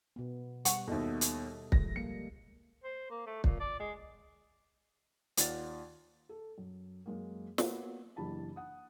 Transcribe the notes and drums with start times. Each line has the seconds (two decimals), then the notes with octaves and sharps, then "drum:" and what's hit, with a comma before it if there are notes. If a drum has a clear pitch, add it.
0.16 B2 B3
0.65 G3 F#5 C#6, drum: hi-hat
0.87 D#2 B2 A4 D#5 E5
1.21 drum: hi-hat
1.72 F3 G#3 A#6, drum: kick
1.96 G3 A#3 C#7
2.83 C5
3.10 A#3
3.26 A3
3.44 A#2, drum: kick
3.60 D5
3.80 G#3
5.37 D#2 F4 D5 F#5 A6, drum: hi-hat
6.29 A4
6.58 F#2
7.06 F#2 G#3 A#3
7.58 A#3 B3 F#4 C#5, drum: snare
8.16 F#1 E3 D4 G4 A5 B5
8.56 F#5 D#6